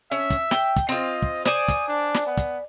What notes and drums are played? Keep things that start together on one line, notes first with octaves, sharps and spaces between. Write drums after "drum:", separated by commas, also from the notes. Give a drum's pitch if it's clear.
C#4 E5
drum: kick, hi-hat
G5, drum: snare
drum: kick, hi-hat
C4 F4 D#5
drum: kick
C5 D5 G#5 D#6, drum: snare
drum: kick, hi-hat
D4
drum: snare
B3
drum: kick, hi-hat